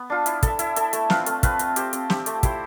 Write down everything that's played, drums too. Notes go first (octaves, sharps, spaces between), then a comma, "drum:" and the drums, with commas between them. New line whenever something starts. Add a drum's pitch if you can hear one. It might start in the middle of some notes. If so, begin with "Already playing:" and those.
Already playing: B3
D4 F4
E4, drum: hi-hat
A4 E5, drum: kick, hi-hat
E4, drum: hi-hat
A4 E5, drum: hi-hat
A3, drum: hi-hat
C4 F4 B4, drum: snare
A3, drum: hi-hat
C4 F4 B4, drum: kick, hi-hat
C4, drum: hi-hat
G4 C5, drum: hi-hat
C4, drum: hi-hat
G4 C5, drum: snare
A3, drum: hi-hat
E4 G4 C5, drum: kick, hi-hat